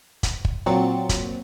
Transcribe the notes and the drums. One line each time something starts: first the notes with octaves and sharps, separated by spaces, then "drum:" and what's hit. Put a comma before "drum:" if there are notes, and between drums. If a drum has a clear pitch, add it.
drum: kick, hi-hat
drum: kick
A#2 F#3 C4 A6 C#7
drum: kick, hi-hat